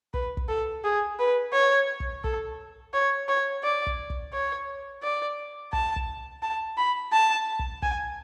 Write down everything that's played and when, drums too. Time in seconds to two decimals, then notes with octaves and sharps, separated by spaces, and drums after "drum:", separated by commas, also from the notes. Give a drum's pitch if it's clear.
0.14 B4, drum: kick
0.37 drum: kick
0.49 A4
0.84 G#4
1.19 B4
1.53 C#5
2.00 drum: kick
2.24 A4, drum: kick
2.93 C#5
3.28 C#5
3.64 D5
3.87 drum: kick
4.10 drum: kick
4.33 C#5
5.03 D5
5.73 A5, drum: kick
5.96 drum: kick
6.43 A5
6.78 B5
7.13 A5
7.59 drum: kick
7.82 G#5, drum: kick